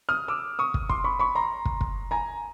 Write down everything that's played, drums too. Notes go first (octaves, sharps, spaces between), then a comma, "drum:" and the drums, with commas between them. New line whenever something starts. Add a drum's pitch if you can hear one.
D#6 F6
D6 E6
C#6 D#6
drum: kick
C6 D6, drum: kick
B5 C#6
B5 C#6
A#5 C6
drum: kick
drum: kick
G#5 A#5